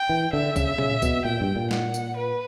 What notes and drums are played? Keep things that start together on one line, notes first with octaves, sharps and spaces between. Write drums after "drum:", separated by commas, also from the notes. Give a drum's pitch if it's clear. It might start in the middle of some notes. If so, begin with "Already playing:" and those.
Already playing: G5
E3
D3 E5
C#3, drum: kick, tambourine
C#3, drum: tom A#2
B2, drum: kick, tambourine
A#2 G5
G2
A#2
F#5, drum: snare
drum: tambourine
B4